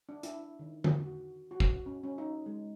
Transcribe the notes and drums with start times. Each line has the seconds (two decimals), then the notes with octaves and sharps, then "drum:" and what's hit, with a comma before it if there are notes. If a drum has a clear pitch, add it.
0.09 D4
0.23 E4, drum: hi-hat
0.59 D#3
0.84 drum: tom D3
1.00 F#4
1.51 F#4
1.60 drum: kick
1.86 C#4
2.04 C#4
2.18 D#4
2.46 G#3